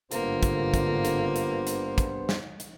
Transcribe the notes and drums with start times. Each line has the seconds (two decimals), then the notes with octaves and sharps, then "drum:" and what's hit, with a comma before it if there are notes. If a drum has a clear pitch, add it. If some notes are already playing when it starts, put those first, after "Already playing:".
0.12 G#1 G2 D3 A#3 B3 F4 C5, drum: hi-hat
0.43 drum: kick, hi-hat
0.74 drum: kick, hi-hat
1.05 drum: hi-hat
1.36 drum: hi-hat
1.67 drum: hi-hat
1.98 drum: kick, hi-hat
2.29 drum: snare
2.60 drum: hi-hat